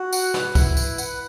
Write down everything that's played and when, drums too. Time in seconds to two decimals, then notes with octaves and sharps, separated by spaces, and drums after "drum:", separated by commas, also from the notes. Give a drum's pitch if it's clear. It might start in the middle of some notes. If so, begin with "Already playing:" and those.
Already playing: F#4
0.13 F#5, drum: tambourine
0.34 B4, drum: snare
0.55 E4, drum: kick C#2, tambourine
0.77 B4, drum: tambourine
0.98 F#5, drum: tambourine